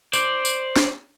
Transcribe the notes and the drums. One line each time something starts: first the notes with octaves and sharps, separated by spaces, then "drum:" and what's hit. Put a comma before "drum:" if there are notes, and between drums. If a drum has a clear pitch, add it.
C5 D5, drum: tambourine
drum: tambourine
drum: snare